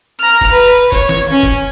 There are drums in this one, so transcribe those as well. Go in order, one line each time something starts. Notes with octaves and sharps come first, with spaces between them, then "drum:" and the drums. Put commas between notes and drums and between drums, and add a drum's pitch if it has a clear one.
A#5 F6
drum: kick, hi-hat
B4
drum: hi-hat
C#5, drum: kick, hi-hat
drum: snare
C#4
drum: kick, hi-hat